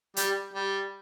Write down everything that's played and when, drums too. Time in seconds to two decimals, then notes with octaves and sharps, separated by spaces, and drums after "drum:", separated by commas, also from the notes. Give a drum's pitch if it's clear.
0.16 G3, drum: hi-hat
0.53 G3